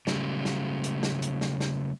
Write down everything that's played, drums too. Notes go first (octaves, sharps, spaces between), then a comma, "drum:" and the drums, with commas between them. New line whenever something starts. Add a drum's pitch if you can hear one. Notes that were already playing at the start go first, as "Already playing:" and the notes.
C#3 F#3 G3 A3, drum: snare
drum: snare
drum: hi-hat
drum: snare
drum: hi-hat
drum: snare
drum: snare